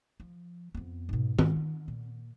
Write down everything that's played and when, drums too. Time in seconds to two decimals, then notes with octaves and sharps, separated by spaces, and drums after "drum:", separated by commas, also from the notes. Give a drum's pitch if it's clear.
0.20 F3
0.75 F2 B3
1.09 G#2 B2
1.39 G#2, drum: tom D#3
1.56 D#3
1.88 A#2